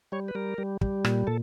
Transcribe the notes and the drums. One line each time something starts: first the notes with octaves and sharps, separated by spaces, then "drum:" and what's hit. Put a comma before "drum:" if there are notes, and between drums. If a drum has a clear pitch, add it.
G3 C#5
B4
G3 A#4
G3
G3, drum: kick
A#2, drum: rim click
A#2 A4